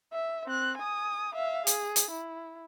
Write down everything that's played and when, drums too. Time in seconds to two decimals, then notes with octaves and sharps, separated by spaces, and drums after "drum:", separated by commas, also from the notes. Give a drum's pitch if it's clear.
0.13 E5
0.46 C4 F#6
0.77 G#5 D#6
1.34 E5 F5
1.67 G#4, drum: hi-hat
1.96 drum: hi-hat
2.11 E4